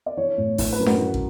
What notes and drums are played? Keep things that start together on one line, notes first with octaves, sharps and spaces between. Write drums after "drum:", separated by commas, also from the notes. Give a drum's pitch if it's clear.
D5
E3 C#5
A2
E3, drum: kick, open hi-hat
B4
F#2
F#4, drum: snare D4
E3
drum: kick